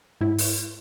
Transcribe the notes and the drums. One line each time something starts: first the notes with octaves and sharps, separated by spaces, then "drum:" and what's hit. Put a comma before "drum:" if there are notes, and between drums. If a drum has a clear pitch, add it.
G#2 E4
drum: open hi-hat